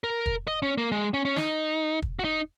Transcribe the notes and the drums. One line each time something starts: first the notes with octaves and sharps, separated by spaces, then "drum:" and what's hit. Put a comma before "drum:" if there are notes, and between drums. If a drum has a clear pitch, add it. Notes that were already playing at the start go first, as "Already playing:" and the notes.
A#4
drum: kick
D#5
C#4
A#3
G#3
C#4
C#4
D#4, drum: snare
drum: kick
F#4
D#4